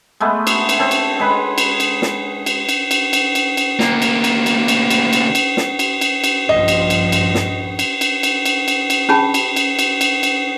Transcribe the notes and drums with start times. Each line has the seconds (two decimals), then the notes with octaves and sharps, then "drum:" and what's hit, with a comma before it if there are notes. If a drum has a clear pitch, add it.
0.20 G#3 A3 B3
0.47 drum: cymbal
0.69 drum: cymbal
0.79 C4 C#5 A5
0.91 drum: cymbal
1.19 G#3 B4
1.58 drum: cymbal
1.80 drum: cymbal
2.02 drum: snare
2.46 drum: cymbal
2.69 drum: cymbal
2.91 drum: cymbal
3.13 drum: cymbal
3.35 drum: cymbal
3.57 drum: cymbal
3.80 D2 A#3, drum: snare
4.02 drum: cymbal
4.24 drum: cymbal
4.46 drum: cymbal
4.68 drum: cymbal
4.90 drum: cymbal
5.13 drum: cymbal
5.35 drum: cymbal
5.57 drum: snare
5.79 drum: cymbal
6.01 drum: cymbal
6.24 drum: cymbal
6.49 A#1 G2 F3 D#5
6.68 drum: cymbal
6.90 drum: cymbal
7.12 drum: cymbal
7.35 drum: snare
7.79 drum: cymbal
8.01 drum: cymbal
8.23 drum: cymbal
8.45 drum: cymbal
8.68 drum: cymbal
8.90 drum: cymbal
9.09 C#4 D4 G#4 G5 A5 B5
9.34 drum: cymbal
9.56 drum: cymbal
9.79 drum: cymbal
10.01 drum: cymbal
10.23 drum: cymbal